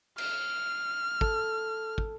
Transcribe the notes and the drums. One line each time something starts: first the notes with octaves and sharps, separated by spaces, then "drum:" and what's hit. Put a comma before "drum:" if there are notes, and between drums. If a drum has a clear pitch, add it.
F6, drum: cymbal
A4, drum: kick
drum: kick